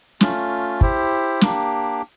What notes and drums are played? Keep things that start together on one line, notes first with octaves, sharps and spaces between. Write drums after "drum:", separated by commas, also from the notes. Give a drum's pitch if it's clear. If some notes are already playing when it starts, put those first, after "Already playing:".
A3 C#4 F4, drum: snare
E4 G4 C5, drum: kick
A#3 D4 G4, drum: snare